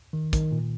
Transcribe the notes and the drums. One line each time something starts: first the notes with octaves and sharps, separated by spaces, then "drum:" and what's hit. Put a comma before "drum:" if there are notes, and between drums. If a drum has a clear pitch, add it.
D#3
D#3, drum: kick, hi-hat
A#2